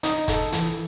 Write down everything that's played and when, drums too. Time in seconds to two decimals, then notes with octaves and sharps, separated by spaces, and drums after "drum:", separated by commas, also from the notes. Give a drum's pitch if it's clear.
0.03 D#4, drum: hi-hat
0.28 A4, drum: kick, hi-hat
0.52 E3, drum: hi-hat